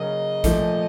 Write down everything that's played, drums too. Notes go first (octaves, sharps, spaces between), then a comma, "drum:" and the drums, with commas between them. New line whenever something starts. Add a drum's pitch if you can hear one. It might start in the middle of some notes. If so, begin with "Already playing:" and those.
Already playing: C#3 F#3 A#3 C#4 D#5
A#2 F3 A3, drum: kick, hi-hat